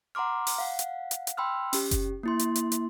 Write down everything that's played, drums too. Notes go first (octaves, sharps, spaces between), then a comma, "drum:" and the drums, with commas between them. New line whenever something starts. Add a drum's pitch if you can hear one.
F#5 A#5 C6 D6 F6
drum: open hi-hat
F5 F#5
drum: hi-hat
drum: hi-hat
drum: hi-hat
G5 B5 C6 E6 F6
C#4 G4, drum: open hi-hat
drum: kick F#1, hi-hat
A#3 E4 C6
drum: hi-hat
drum: hi-hat
drum: hi-hat